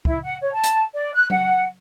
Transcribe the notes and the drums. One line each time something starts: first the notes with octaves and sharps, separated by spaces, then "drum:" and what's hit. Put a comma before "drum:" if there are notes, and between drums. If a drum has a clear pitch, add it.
E4, drum: kick
F#5
C#5
A5
drum: hi-hat
D5
F#6
F#5, drum: tom F#3